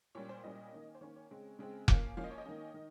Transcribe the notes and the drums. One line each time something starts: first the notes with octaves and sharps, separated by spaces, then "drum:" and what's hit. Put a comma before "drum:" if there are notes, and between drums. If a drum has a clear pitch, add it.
A#2 G3 C#4 C#5
C5
A#2 G3 C#4 D#5
D#3 A#3 C#4
C5
D#3 A#3 C#4 C#5
C#5
C#3 G#3 C4
C#3 G#3 C4
F3 A#3 C#4 F5, drum: kick F1
F3 A#3 C#4 F5
D#5
C#5
D#5
D#3 A#3 C#4
D#3